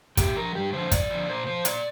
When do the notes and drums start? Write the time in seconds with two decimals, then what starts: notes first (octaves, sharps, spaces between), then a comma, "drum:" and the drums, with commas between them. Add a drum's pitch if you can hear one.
0.17 A#2 G4, drum: kick, hi-hat
0.36 F3 A#4
0.55 G2 G4
0.73 D3 F3 C5
0.92 F2 D5, drum: kick, hi-hat
1.10 D3 F3
1.29 A#2 C5
1.47 F3 C5
1.65 A#2 D5, drum: hi-hat